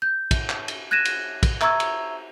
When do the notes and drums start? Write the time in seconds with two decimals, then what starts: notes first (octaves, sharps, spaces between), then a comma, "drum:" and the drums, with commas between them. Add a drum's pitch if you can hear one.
0.02 G6
0.31 drum: kick, cymbal
0.49 drum: clap
0.68 drum: cymbal
0.91 F#6 G#6 A#6 D#7 E7
1.05 drum: cymbal
1.43 drum: kick, cymbal
1.61 E5 A#5 C#6 E6 G#6, drum: clap
1.80 drum: cymbal